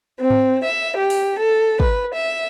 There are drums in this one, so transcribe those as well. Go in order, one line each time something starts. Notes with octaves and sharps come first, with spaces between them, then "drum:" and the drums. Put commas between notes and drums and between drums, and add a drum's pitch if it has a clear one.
C4
drum: tom G#2
E5
G4
drum: open hi-hat
A4
B4, drum: kick
E5